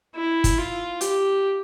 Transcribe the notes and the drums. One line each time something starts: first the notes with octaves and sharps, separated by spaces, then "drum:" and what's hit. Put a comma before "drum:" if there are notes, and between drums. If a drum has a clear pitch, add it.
E4
drum: kick, hi-hat
F4
G4, drum: hi-hat